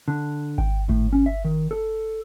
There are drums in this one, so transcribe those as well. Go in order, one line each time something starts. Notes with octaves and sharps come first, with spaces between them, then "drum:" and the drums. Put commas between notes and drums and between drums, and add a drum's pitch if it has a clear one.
D3
G5, drum: kick G#1
A2, drum: kick G#1
C#4
E5
D#3
A4